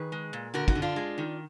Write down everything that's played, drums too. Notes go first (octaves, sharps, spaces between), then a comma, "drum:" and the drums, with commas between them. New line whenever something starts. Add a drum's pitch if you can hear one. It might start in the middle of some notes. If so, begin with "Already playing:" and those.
Already playing: D#3 G#4 B4
G#3
A#2
D3 F#4 A#4
D#4 F#4, drum: kick
D3
D4 F4
G#3
D#3